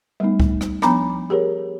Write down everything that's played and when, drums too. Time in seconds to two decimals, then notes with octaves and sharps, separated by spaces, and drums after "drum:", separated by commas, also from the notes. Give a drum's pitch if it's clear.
0.20 G3 A3 B3 D#4
0.40 drum: kick C#2
0.61 drum: rim click
0.82 F3 B3 D4 A#5 B5 D6, drum: rim click
1.30 G4 G#4 A#4 C#5